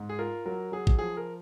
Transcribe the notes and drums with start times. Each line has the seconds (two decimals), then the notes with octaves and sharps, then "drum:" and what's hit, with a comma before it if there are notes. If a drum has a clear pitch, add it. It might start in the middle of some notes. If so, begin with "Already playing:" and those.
Already playing: G#2
0.09 G#4
0.19 F4 A#4
0.46 F#3 A#4
0.72 F#3 G#4
0.87 drum: kick A1
0.99 F3 G#4
1.17 A#4